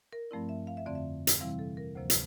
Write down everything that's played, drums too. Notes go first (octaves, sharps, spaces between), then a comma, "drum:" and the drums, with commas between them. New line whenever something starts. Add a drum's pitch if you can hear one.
A#4
G2 F3 A3 C4 E4 D5
E5
F5
E5
F2 D3 A3 C4 D5
E5
drum: hi-hat
C3 E3 G3 C4 E4 F5
A4
A#4
D2 C3 F3 A#3 C5
drum: hi-hat